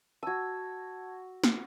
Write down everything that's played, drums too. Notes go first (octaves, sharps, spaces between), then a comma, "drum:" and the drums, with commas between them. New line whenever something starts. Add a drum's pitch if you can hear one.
F#4 A5 E6 G#6
drum: snare